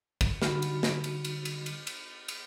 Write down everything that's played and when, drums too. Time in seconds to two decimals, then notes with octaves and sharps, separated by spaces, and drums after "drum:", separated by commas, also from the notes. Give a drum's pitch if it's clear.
0.21 drum: kick, cymbal
0.42 D3 G3 D#4 F#4 B5 F6, drum: snare
0.62 drum: cymbal
0.83 drum: snare
1.04 drum: cymbal
1.25 drum: cymbal
1.45 drum: cymbal
1.66 drum: cymbal
1.87 drum: cymbal
2.28 drum: cymbal